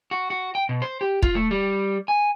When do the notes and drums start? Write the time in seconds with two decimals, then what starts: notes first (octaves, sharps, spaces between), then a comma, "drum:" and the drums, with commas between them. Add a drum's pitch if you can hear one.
0.11 F#4
0.30 F#4
0.55 G5
0.69 B2
0.82 C5
1.01 G4
1.23 F4, drum: kick
1.35 A3
1.51 G3
2.08 G#5